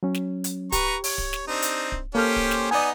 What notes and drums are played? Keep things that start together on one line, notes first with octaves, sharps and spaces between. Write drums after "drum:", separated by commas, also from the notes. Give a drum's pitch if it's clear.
F#3 C#4
drum: snare
drum: hi-hat
G4 B4 A#5 C#6, drum: kick D1, hi-hat
C#5, drum: open hi-hat
drum: kick D1
drum: snare
C4 D4 D#4
drum: hi-hat
drum: kick D1
A#3 C#4 G4 A4 C5 F6
drum: kick D1
drum: snare
B3 D#4 D5 D#5 G#5